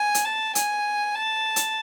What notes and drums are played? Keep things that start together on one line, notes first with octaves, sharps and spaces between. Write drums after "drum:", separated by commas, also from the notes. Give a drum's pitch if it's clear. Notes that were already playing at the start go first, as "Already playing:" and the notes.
Already playing: G#5
drum: hi-hat
A5
G#5, drum: hi-hat
A5
drum: hi-hat